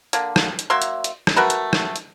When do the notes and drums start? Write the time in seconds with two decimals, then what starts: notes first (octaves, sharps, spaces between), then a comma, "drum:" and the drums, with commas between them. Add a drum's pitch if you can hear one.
0.13 D3 A#3, drum: hi-hat
0.36 drum: rim click
0.59 drum: hi-hat
0.70 F#3 A#3 E5 C6
0.82 drum: hi-hat
1.04 drum: hi-hat
1.27 drum: rim click
1.36 A3 F#4 A#4 B4
1.50 drum: hi-hat
1.73 drum: rim click
1.96 drum: hi-hat